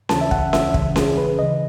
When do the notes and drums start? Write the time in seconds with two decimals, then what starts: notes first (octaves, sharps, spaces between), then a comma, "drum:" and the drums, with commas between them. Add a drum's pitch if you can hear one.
0.09 D#2 C#3 E3 A5, drum: snare C#4
0.21 E5
0.31 F#5, drum: kick
0.53 E5, drum: snare C#4
0.74 E2 C#3 E3, drum: kick
0.96 G#4, drum: snare C#4
1.17 B4
1.38 C#2 C#3 E3 D#5